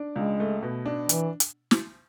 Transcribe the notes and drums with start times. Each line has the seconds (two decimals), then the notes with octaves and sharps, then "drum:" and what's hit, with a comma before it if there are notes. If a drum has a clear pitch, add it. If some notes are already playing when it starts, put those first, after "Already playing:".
Already playing: D4
0.16 C#2 G#3
0.40 A3
0.62 B2
0.86 D4
1.09 E3, drum: hi-hat
1.40 drum: hi-hat
1.71 drum: snare